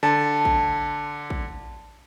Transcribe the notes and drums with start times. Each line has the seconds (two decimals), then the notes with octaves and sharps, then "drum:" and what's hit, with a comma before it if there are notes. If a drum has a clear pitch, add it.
0.03 D3 A5
0.45 drum: kick
1.30 drum: kick